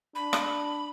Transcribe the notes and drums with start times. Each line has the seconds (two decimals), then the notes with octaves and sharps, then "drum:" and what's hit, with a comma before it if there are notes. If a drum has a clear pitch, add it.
0.15 D4 B5
0.33 drum: rim click